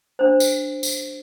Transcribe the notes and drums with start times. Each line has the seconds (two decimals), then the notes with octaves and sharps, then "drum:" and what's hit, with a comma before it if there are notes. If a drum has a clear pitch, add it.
0.19 D4 C5
0.40 drum: tambourine
0.83 drum: tambourine